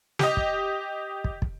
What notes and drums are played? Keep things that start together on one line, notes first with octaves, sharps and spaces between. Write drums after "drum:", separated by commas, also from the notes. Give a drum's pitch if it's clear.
G4 D#5, drum: snare
drum: kick
drum: kick
drum: kick